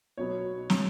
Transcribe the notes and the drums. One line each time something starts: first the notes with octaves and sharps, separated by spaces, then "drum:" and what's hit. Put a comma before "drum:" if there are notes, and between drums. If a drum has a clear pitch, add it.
B1 B2 F#3 B3 C#5
drum: snare